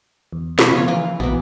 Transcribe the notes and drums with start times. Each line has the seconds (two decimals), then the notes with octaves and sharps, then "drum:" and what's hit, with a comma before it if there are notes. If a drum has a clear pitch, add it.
0.33 E2
0.59 B2, drum: snare
0.73 C#3 F3 B3 F4 C#5
0.88 E3 A#3 F4
1.20 A#1 B2 A#3 B3